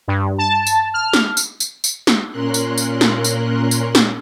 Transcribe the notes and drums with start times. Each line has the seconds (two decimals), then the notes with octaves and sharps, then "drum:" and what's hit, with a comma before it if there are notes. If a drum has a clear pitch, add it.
0.08 G2
0.38 A5
0.67 drum: tambourine
0.94 F6
1.13 drum: snare
1.37 drum: tambourine
1.60 drum: tambourine
1.84 drum: tambourine
2.07 drum: snare
2.31 A#2 C#4 A#4 C6 F#6
2.54 drum: tambourine
2.78 drum: tambourine
3.01 drum: snare
3.24 drum: tambourine
3.71 drum: tambourine
3.95 drum: snare